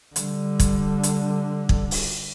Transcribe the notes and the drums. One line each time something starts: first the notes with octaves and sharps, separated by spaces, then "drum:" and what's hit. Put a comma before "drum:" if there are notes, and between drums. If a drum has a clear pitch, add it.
D3 G3, drum: hi-hat
drum: kick, hi-hat
drum: hi-hat
drum: kick
drum: open hi-hat